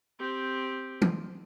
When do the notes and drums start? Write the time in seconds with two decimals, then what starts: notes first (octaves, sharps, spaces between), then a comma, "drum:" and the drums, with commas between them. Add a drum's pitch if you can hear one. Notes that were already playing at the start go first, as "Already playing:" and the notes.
0.19 C4 G4
1.02 drum: tom E3